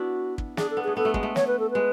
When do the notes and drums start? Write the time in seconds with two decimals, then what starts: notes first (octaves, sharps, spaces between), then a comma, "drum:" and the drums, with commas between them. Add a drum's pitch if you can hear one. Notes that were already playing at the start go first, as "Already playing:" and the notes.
Already playing: B3 D4 E4 F#4
0.38 drum: kick
0.57 D4 G#4, drum: snare
0.71 A4
0.77 B3
0.84 A3 G#4
0.97 B3 A4
1.05 A3
1.14 G#3, drum: kick
1.23 A3
1.36 C#5, drum: snare
1.47 B4
1.59 A4
1.71 G#3 B4